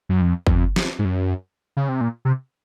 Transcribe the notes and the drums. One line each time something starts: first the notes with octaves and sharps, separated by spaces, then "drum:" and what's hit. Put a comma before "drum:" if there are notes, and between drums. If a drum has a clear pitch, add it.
F#2
F2
F2, drum: kick G1
drum: snare
G#2
F#2
C#3
C3
A#2
C3